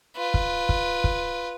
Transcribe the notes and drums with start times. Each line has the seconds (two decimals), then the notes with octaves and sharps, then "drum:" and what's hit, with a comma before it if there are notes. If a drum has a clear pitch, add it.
0.16 F4 B4
0.34 drum: kick
0.69 drum: kick
1.04 drum: kick